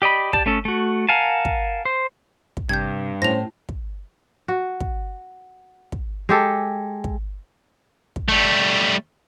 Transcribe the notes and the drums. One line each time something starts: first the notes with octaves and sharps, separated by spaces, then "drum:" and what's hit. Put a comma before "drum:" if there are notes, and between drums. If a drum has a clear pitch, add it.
G4 D5 D#5 B5
G4 D5 A5, drum: kick
A3 C#4 A4
A3 F#4
A#4 F5 F#5 G#5 A5
drum: kick
C5
drum: kick
G2 C3 G6 G#6
A2 C#4 C5 A#6 F7
drum: kick
F#4
drum: kick
drum: kick
G#3 G4 A4
drum: kick
drum: kick
G3 A3